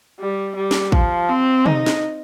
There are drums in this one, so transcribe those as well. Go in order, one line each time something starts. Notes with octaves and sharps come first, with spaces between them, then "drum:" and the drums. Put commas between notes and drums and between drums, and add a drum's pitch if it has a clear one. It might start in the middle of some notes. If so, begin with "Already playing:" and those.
G3
G3
drum: snare
F3, drum: kick
C4
D#4, drum: tom
drum: snare